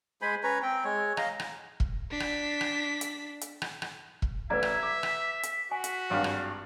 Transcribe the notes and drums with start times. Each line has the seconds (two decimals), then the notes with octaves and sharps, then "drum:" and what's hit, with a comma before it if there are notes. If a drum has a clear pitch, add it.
0.22 G#3 C5 G#5 B5
0.43 C#4 B4 C#5 A#5
0.62 C4 G5
0.84 G#3 C#5
1.17 D#5 F5 A#5, drum: rim click
1.40 drum: rim click
1.80 drum: kick
2.11 D4 B6
2.20 drum: rim click
2.61 drum: rim click
3.01 drum: hi-hat
3.41 drum: hi-hat
3.62 drum: rim click
3.82 drum: rim click
4.22 drum: kick
4.50 A1 B4 D5 E5 A#5 G#6
4.63 drum: rim click
4.83 D6 B6
5.03 drum: rim click
5.43 drum: hi-hat
5.71 F#4 G#5
5.84 drum: hi-hat
6.10 G#1 G2 F5
6.24 drum: rim click